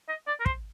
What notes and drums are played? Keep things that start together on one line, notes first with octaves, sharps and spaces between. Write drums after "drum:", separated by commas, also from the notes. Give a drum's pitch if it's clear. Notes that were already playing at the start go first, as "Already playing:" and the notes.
D#5
D5
A#4
C5, drum: kick